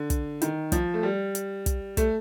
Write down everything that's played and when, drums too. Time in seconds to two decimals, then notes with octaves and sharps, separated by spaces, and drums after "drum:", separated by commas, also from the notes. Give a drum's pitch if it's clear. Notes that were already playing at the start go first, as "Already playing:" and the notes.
Already playing: D3
0.10 drum: kick, hi-hat
0.42 D#3, drum: hi-hat
0.72 F3, drum: kick, hi-hat
0.94 A3
1.03 G3
1.35 drum: hi-hat
1.66 drum: kick, hi-hat
1.97 A3, drum: kick, hi-hat